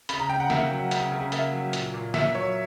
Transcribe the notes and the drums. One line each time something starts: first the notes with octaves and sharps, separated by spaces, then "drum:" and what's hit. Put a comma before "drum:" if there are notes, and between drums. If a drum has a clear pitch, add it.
C#3 B5, drum: hi-hat
A#5
C#3 G5
F#5
A#3 E5, drum: snare
F#3
C#3, drum: hi-hat
C#3
A#3 E5, drum: hi-hat
F#3
A#2, drum: hi-hat
A#2
A#3 E5, drum: snare
F#3 C#5